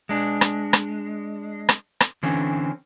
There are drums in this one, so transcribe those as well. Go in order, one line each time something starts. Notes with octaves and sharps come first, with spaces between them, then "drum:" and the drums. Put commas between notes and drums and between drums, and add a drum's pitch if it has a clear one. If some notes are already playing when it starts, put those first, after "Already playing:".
G#3 D4
drum: rim click
drum: rim click
drum: rim click
drum: rim click
D3 E3 C4 C#4